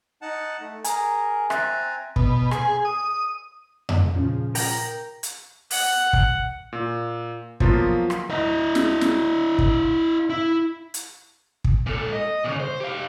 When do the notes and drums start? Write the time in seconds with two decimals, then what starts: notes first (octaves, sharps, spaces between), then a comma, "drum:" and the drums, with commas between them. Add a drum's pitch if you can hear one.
0.22 D#4 F#5 A5
0.61 A3
0.84 G#4 A#4 G#5 A#5, drum: hi-hat
1.50 C4 E5 G#5 A#5 F#6 A6, drum: rim click
2.16 B2, drum: kick
2.51 G#4, drum: rim click
2.85 D#6
3.89 drum: tom F2
4.15 A#2 C#3 F3 C#4
4.55 A#4 G5 A#5, drum: open hi-hat
5.23 drum: hi-hat
5.71 F#5, drum: open hi-hat
6.13 drum: kick
6.72 A#2
7.60 F3 F#3 A#3 B3 F4, drum: kick
8.10 drum: rim click
8.30 E4 D#5
8.75 drum: snare
9.01 drum: snare
9.59 drum: kick
10.30 E4
10.94 drum: hi-hat
11.64 drum: kick
11.86 A#2 A4
12.13 D#5
12.44 A#2 C#3
12.60 C5
12.80 G4 F5